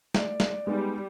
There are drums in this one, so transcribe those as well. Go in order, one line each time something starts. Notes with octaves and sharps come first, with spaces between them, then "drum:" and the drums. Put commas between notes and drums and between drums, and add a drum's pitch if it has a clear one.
A3 D5, drum: snare
drum: snare
G3 G#3 B3 D#4